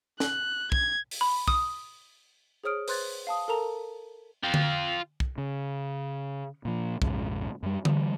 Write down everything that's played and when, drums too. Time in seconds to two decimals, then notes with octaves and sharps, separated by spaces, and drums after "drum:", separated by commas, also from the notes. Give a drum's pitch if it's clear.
0.20 F#6, drum: snare
0.72 G#6, drum: kick
1.11 drum: open hi-hat
1.21 B5
1.48 D#6, drum: kick
2.64 G#4 C5 C#5 D#6 F6 D7
2.88 B4 C5 C6 F#6 G#6 A6, drum: open hi-hat
3.27 F5 A5 D#6
3.48 A4 A#4 A5 A#5 F7
4.44 F4 G5
4.54 drum: tom D3
5.20 drum: kick
5.38 C#3
6.65 A#2 F3
7.02 A#1 F2 G#2 C#3, drum: kick
7.63 F#2 G3
7.85 D3 E3 G3, drum: tom D3